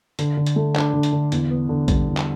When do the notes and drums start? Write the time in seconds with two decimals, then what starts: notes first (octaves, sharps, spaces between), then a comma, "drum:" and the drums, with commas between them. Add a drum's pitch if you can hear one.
0.19 D3, drum: hi-hat
0.37 D3
0.46 drum: hi-hat
0.56 A3
0.76 D4, drum: clap
0.93 D3
1.03 drum: hi-hat
1.13 D3
1.32 E2, drum: hi-hat
1.51 B3
1.69 D3
1.88 G3, drum: kick A#1, hi-hat
2.08 E2
2.17 drum: clap